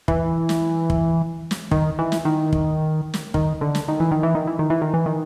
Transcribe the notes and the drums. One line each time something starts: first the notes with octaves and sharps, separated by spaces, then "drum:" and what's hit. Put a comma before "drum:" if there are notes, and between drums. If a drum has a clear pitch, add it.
E3, drum: kick
drum: snare
drum: kick
drum: snare
D#3, drum: kick
E3
drum: snare
D#3
drum: kick
drum: snare
D#3, drum: kick
D3
drum: snare
D#3
E3
D#3
E3
D#3
E3
D#3
E3
D#3
E3
D#3